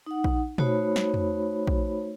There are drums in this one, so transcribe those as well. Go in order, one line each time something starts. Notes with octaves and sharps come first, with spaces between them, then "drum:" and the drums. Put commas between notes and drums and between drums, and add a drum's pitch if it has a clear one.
D#4 F#5
drum: kick A#1
A3 D#4 F#4 C5 C#5 B5, drum: tom
drum: snare
drum: tom
drum: kick A#1